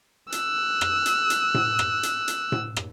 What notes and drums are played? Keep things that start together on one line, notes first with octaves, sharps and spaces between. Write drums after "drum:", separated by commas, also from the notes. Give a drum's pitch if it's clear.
E6 F#6, drum: hi-hat
drum: rim click
drum: hi-hat
drum: hi-hat
drum: tom A2
drum: rim click
drum: hi-hat
drum: hi-hat
drum: tom A2
drum: rim click